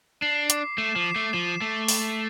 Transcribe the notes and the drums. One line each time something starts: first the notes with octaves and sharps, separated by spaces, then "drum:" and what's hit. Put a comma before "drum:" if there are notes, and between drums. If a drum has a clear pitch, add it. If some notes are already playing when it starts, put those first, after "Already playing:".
D4 C7
D6, drum: hi-hat
A3 E7
F3
C7
A3
F3 E7
A3 C7
A6, drum: open hi-hat